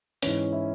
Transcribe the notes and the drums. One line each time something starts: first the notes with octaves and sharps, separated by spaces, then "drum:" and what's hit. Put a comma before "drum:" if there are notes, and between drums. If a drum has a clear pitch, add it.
G#2 E3 C#4, drum: open hi-hat
E4